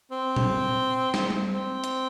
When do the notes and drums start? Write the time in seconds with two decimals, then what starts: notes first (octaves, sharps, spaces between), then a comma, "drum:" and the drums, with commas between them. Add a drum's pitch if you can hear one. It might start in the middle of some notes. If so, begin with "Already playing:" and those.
0.11 C4
0.36 drum: tom A#2
1.14 drum: snare
1.30 drum: tom G3
1.53 C4
1.84 drum: hi-hat